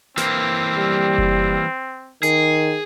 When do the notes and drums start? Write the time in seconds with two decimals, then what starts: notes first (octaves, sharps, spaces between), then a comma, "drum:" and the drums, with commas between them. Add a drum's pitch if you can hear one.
0.17 E3 A#3 C4, drum: snare
0.76 G3
1.18 drum: kick F#1
2.23 D#3 G#4, drum: hi-hat